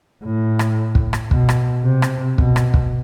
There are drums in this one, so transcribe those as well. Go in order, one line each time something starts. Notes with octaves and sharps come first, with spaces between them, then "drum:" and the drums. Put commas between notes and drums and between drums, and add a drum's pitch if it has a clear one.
A2
drum: rim click
drum: kick
drum: rim click
B2, drum: kick
drum: rim click
C3
drum: rim click
B2, drum: kick
drum: rim click
drum: kick